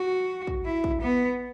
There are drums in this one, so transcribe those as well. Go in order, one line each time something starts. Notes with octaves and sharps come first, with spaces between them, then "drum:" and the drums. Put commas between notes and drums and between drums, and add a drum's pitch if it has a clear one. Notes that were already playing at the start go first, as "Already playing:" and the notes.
Already playing: F#4
drum: kick
E4
drum: kick
B3